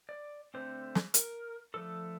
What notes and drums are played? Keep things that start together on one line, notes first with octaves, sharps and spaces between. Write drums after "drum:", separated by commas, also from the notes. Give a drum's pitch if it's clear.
D5
D3 A3 C4 C5
drum: snare
A#4, drum: hi-hat
D3 F3 A3 A4